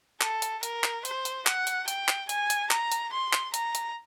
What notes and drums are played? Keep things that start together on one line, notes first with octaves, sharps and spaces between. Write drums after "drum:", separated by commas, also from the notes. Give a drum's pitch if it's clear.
A4, drum: clap
drum: hi-hat
A#4, drum: hi-hat
drum: clap
C5, drum: hi-hat
drum: hi-hat
F#5, drum: clap
drum: hi-hat
G5, drum: hi-hat
drum: clap
G#5, drum: hi-hat
drum: hi-hat
A#5, drum: clap
drum: hi-hat
C6
drum: clap
A#5, drum: hi-hat
drum: hi-hat